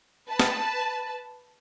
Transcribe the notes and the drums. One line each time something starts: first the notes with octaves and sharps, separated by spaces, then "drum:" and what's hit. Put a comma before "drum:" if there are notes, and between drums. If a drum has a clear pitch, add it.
B4 A5
drum: snare